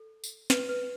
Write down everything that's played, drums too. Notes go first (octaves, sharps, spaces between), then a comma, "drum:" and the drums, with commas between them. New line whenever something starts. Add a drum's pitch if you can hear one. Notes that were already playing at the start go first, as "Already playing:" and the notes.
Already playing: A4
drum: tambourine
B4, drum: snare
B4